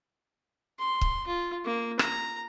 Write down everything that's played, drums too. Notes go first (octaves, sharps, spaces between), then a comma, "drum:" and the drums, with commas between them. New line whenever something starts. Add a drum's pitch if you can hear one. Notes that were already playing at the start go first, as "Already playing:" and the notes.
C6
drum: kick C#1
F4
A#3
A#5, drum: rim click